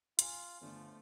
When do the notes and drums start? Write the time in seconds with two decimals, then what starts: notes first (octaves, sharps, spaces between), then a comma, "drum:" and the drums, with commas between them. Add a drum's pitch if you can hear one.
0.19 F4 G#5 C6, drum: hi-hat
0.61 G1 D3 F3 A3